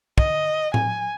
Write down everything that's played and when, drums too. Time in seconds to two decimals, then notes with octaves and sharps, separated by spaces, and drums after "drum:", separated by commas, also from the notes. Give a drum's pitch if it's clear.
0.18 D#5, drum: kick
0.74 G#5, drum: tom A2